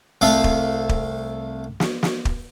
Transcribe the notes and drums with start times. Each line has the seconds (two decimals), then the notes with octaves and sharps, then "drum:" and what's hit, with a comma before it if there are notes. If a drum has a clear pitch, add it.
0.21 C2 A3 A4 F5
0.44 drum: kick
0.89 drum: kick
1.80 drum: snare
2.03 drum: snare
2.25 drum: kick